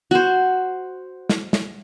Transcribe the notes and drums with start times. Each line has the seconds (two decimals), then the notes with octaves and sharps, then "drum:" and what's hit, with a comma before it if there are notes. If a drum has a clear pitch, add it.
0.11 F#4 C5
1.29 drum: snare
1.53 drum: snare